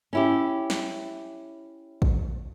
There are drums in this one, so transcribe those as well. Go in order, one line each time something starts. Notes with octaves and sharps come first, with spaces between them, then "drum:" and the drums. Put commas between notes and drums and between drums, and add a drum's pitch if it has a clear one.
C#4 E4 G4
drum: snare
drum: kick A1